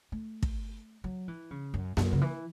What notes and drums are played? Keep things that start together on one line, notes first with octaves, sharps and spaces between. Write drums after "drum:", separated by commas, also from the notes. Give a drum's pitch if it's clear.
A3
drum: kick
F#3
E3
C#3
F#2
F#2, drum: snare A#3
C#3
E3